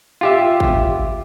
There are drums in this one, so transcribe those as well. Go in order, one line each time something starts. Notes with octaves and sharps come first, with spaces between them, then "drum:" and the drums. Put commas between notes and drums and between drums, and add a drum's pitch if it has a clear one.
F4 G4 E5
drum: kick